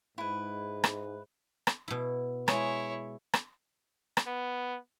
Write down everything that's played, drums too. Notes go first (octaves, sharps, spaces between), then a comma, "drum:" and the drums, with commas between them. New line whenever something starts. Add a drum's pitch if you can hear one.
G#2 E4 B4
drum: rim click
drum: rim click
B2 E4
G#3 E4 C#5, drum: rim click
drum: rim click
drum: rim click
B3